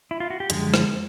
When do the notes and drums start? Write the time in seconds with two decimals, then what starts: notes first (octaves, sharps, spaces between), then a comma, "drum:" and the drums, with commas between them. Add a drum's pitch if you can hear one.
0.11 E4
0.20 F4
0.30 F#4
0.40 G4
0.50 F#2 D3 F3 G#3 G#4, drum: hi-hat
0.74 drum: rim click